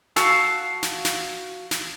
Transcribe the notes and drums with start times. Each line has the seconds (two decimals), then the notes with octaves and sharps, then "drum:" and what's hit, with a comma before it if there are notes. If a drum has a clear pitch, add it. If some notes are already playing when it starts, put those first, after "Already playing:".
0.16 F#4 F5 A5 E6, drum: snare
0.83 drum: snare
1.05 drum: snare
1.71 drum: snare